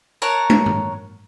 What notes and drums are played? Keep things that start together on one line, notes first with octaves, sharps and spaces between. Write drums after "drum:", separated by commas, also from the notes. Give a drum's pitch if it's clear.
A#4 C#5 F#5 A5
drum: tom
drum: tom